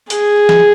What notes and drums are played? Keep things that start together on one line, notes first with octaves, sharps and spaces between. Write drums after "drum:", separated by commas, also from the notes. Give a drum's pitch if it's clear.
G#4, drum: hi-hat
drum: snare